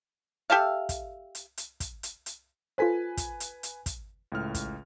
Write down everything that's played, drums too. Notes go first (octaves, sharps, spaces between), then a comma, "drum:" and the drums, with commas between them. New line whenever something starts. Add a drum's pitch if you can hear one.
G4 A4 E5 F5
drum: kick, hi-hat
drum: hi-hat
drum: hi-hat
drum: kick, hi-hat
drum: hi-hat
drum: hi-hat
F4 A4 B4 C5 G#5 B6
drum: kick, hi-hat
drum: hi-hat
drum: hi-hat
drum: kick, hi-hat
C#2 A2 F6
drum: kick, hi-hat